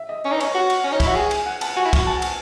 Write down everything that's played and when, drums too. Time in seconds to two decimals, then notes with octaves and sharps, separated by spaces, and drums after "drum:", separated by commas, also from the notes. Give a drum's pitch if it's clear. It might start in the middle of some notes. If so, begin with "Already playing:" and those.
Already playing: E5
0.09 D#5
0.24 C#4 C#5
0.32 D#4 B4
0.40 C#4, drum: cymbal
0.44 C#5
0.55 F#4
0.70 drum: cymbal
0.84 C#4 C#5
0.92 D#4
0.95 C#5
1.00 E4, drum: kick, cymbal
1.05 F#4 E5
1.15 G#4 G#5
1.31 G#5, drum: cymbal
1.46 F#5
1.61 A5, drum: cymbal
1.76 F#4 G#5
1.85 E4
1.93 F#4, drum: kick, cymbal
2.07 A5
2.22 drum: cymbal